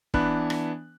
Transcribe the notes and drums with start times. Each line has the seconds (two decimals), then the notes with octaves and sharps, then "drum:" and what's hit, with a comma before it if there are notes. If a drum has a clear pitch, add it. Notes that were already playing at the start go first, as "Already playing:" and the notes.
0.14 E3 B3 D4 B5 F#6, drum: kick
0.50 drum: rim click